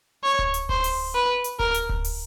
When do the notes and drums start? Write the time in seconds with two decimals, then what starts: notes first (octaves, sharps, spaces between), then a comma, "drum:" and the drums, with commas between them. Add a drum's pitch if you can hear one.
0.24 C#5
0.39 drum: kick D1
0.54 drum: hi-hat
0.69 C5, drum: kick D1
0.84 drum: open hi-hat
1.15 B4
1.44 drum: hi-hat
1.59 A#4, drum: kick D1
1.74 drum: hi-hat
1.89 drum: kick D1
2.04 drum: open hi-hat